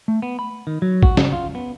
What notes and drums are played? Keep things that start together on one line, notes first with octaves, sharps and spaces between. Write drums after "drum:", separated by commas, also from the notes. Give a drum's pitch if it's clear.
A3
B3
B5
D#3
F#3
F#4, drum: kick
C#3, drum: snare
F4
B3